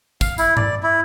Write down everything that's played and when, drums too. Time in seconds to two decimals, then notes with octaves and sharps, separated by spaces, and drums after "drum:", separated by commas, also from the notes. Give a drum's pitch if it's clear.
0.21 F5, drum: kick, tambourine
0.38 E4, drum: tambourine
0.57 D5, drum: tom G2
0.83 E4